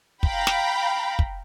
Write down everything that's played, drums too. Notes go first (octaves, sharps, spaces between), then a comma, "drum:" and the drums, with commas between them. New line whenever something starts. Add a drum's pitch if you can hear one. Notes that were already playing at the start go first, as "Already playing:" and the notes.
F5 G5 A#5 B5, drum: kick
drum: snare
drum: kick